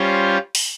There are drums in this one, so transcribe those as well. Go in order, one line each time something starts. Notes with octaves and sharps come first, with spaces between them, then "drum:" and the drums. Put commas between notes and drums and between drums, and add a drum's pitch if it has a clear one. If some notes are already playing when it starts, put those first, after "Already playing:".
Already playing: G3 C#4 F4 C5
drum: open hi-hat